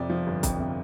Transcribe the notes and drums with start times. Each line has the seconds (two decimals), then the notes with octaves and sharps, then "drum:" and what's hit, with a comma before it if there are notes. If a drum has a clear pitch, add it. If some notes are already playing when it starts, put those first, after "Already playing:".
Already playing: F2 C3 D5
0.10 F3
0.27 G1
0.43 F2, drum: kick C2, hi-hat
0.60 C3